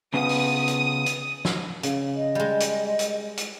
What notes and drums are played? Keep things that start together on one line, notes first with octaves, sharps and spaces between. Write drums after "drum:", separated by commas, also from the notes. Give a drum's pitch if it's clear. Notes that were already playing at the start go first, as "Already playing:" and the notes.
C#3 B3 D#6
drum: open hi-hat
drum: hi-hat
drum: hi-hat
drum: snare
C#3, drum: hi-hat
D#5
G3 G#3
drum: hi-hat
drum: hi-hat
drum: hi-hat